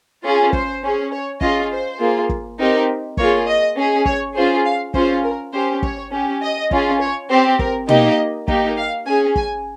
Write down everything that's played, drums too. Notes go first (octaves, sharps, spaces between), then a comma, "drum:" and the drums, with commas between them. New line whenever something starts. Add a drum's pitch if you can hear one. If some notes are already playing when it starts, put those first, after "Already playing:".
C#4 F4 G#4
C5, drum: kick
C#4 G#4
C#5
C#4 F4 G#4 D#5, drum: kick
C5
A#3 F4 G#4
drum: kick
C4 D#4 G4 A#4
A#3 F4 G#4 C#5, drum: kick
D#5
C#4 G#4
C#5, drum: kick
C#4 F4 G#4 C5
F5
C#4 F4 G#4 C5, drum: kick
A#4
C#4 G4 C5
C#5, drum: kick
C#4 G4
D#5
C#4 F4 G#4, drum: kick
C#5
C4 G4 C5
A#4, drum: kick
A#3 D#4 G4 D#5, drum: tom
A#3 D#4 G4, drum: kick
F5
C#4 G#4 G#5
G#5, drum: kick